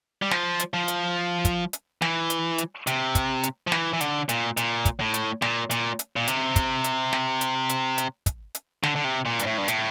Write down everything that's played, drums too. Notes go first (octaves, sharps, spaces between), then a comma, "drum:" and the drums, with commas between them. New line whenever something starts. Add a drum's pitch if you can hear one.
G3
F3, drum: snare
drum: hi-hat
F3
drum: hi-hat
drum: kick, hi-hat
drum: hi-hat
E3, drum: snare
drum: hi-hat
drum: hi-hat
C3, drum: hi-hat
drum: kick, hi-hat
drum: hi-hat
F3
E3, drum: snare
E3
D3, drum: hi-hat
A#2, drum: hi-hat
A#2, drum: hi-hat
drum: kick, hi-hat
A2
drum: hi-hat
A#2, drum: snare
A#2, drum: hi-hat
drum: hi-hat
A#2
C3, drum: hi-hat
drum: kick, hi-hat
drum: hi-hat
drum: snare
drum: hi-hat
drum: hi-hat
drum: hi-hat
drum: kick, hi-hat
drum: hi-hat
D3, drum: snare
D3
C3
A#2
G2, drum: hi-hat
A2
G2
A2, drum: hi-hat